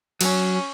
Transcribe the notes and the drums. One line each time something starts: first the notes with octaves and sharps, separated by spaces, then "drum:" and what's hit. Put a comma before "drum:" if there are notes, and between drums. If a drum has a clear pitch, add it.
F#3 C#4, drum: cymbal